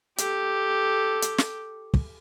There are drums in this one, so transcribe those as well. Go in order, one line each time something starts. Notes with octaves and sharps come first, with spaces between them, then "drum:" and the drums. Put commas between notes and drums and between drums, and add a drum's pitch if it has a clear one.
G4 A4, drum: hi-hat
drum: hi-hat
drum: snare
drum: kick